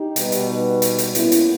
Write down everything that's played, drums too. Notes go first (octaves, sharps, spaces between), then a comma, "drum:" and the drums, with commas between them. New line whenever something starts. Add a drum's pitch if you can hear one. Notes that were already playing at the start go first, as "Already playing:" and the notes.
Already playing: D#4 G4
B2 G3 B3, drum: hi-hat
drum: hi-hat
drum: hi-hat
drum: hi-hat
A#2 G#3 B3 C#4 E4, drum: hi-hat
drum: hi-hat